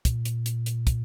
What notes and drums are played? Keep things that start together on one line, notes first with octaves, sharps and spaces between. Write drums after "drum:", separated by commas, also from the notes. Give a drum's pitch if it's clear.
A#2, drum: kick, hi-hat
drum: hi-hat
drum: hi-hat
drum: hi-hat
drum: kick, hi-hat